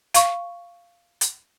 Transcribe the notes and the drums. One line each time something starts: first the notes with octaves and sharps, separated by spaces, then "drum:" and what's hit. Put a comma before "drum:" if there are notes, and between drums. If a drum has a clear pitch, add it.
F5 C#6, drum: hi-hat
drum: hi-hat